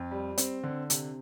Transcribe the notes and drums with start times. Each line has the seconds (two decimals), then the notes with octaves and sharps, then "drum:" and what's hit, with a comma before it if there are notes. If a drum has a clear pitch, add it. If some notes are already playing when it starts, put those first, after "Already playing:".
Already playing: F2
0.11 G3
0.38 C4, drum: hi-hat
0.64 D3
0.90 C3, drum: hi-hat